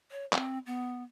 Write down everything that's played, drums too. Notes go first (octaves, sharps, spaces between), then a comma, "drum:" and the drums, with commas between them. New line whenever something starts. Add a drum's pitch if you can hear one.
C#5
C4, drum: clap
B3